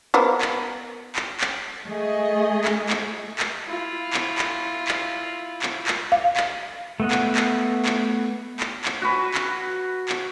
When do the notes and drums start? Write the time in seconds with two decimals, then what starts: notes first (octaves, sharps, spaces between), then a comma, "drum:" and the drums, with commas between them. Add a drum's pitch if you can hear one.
0.14 F3 A#3 B3
0.41 drum: clap
1.16 drum: clap
1.41 drum: clap
1.87 A3 G#4 D#5
2.65 drum: clap
2.89 drum: clap
3.39 drum: clap
3.66 E4 F4
4.13 drum: clap
4.38 drum: clap
4.88 drum: clap
5.62 drum: clap
5.87 drum: clap
6.12 F5
6.37 drum: clap
7.00 A3 B3 D#5 F#5
7.11 drum: clap
7.36 drum: clap
7.86 drum: clap
8.60 drum: clap
8.85 drum: clap
9.02 F#4 B4
9.34 drum: clap
10.09 drum: clap